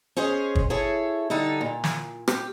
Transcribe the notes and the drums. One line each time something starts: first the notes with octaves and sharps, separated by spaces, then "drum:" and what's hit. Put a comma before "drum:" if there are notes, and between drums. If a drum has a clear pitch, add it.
C#4 G#4 C5 C#5 D#5
drum: kick
E4 G#4 A4 C#5
D3 G3 D#4 A4
A#2
drum: snare
G4, drum: rim click